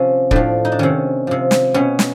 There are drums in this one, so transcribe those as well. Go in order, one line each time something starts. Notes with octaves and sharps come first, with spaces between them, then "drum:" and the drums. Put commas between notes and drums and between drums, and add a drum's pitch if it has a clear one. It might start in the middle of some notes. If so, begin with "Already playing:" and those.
Already playing: C3 F3 C#4
A2 F3 D4, drum: kick
D#4
D4
C3 D#3 C#4
C3 F3
drum: snare
B2 C#4
drum: snare